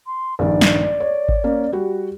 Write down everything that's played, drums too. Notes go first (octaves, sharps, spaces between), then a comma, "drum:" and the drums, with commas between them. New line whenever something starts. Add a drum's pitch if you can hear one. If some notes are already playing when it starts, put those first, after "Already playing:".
C6
A#1 G2 D#3 D5
drum: snare
C#5
drum: kick G#1
A#3 C#4
G3 F#4